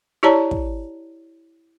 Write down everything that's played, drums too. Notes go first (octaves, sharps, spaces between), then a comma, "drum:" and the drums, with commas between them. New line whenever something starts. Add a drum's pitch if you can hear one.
E4 G4 C#5 D5 A5 A#5
drum: kick